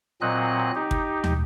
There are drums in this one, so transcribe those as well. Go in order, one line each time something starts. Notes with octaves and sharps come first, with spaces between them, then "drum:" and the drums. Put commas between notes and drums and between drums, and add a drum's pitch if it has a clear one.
A#2 F#3 C4 D#5 F#6
D#4 G4
drum: kick
drum: tom